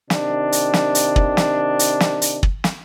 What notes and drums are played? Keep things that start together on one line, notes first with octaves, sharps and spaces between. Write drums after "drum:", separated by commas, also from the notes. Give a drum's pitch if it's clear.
C3 D#3 D4, drum: snare
drum: hi-hat
drum: snare
drum: hi-hat
drum: kick
drum: snare
drum: hi-hat
drum: snare
drum: hi-hat
drum: kick
drum: snare